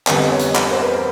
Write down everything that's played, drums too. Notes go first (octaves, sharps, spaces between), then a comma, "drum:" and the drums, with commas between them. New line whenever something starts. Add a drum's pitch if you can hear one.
F2 D3 G3 B3, drum: clap
D#5
C#5
drum: hi-hat
drum: clap
C5
B4
A#4